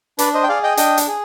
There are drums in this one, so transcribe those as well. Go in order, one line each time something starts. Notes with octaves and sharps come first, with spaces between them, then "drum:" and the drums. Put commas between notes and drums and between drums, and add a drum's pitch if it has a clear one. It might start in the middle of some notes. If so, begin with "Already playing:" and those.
D4 B4 D5, drum: hi-hat
C5 D#5
G5
G#4 D5 F5
D#5 G5
D4 D#5 G5, drum: hi-hat
drum: hi-hat
G#4